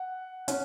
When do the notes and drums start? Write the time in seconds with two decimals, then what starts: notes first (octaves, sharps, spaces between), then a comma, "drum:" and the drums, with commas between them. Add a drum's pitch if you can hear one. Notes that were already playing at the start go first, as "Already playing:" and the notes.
Already playing: F#5
0.48 C#4, drum: hi-hat